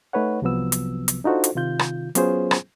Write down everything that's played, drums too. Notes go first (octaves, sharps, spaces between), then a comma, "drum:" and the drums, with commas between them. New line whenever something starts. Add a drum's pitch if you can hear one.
A3 D#4 B4 C#5 F#5
C2 C3 F3 F#3 B3 E6
drum: hi-hat
drum: hi-hat
D4 D#4 F4 F#4 A4 C5
drum: hi-hat
C3 D#3 F4 G6
drum: rim click
F#3 B3 C#4 F4 G#4 C5, drum: hi-hat
drum: rim click